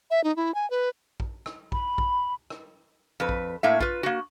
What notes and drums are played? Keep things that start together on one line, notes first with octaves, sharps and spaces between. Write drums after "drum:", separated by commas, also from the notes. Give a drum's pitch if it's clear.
E5
D#4
E4
G#5
B4
drum: kick A#1
drum: rim click
B5, drum: kick A#1
drum: kick A#1
drum: rim click
F2 B4
drum: kick A#1
A2 A#3 E5
F4 B4, drum: kick A#1
A#3 F#4